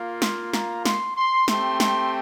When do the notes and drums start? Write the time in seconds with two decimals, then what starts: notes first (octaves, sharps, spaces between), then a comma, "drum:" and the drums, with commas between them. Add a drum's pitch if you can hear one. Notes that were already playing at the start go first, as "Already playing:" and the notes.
Already playing: A#3 F4
0.22 C6, drum: snare
0.53 A#5, drum: snare
0.85 C6, drum: snare
1.16 C6
1.48 A3 C4 G4 C6, drum: snare
1.80 C6, drum: snare